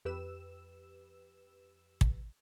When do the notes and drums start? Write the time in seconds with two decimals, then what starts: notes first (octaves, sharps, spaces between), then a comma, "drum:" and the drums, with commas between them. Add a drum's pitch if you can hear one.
0.05 F2 G4 B4 E6 E7
2.01 drum: kick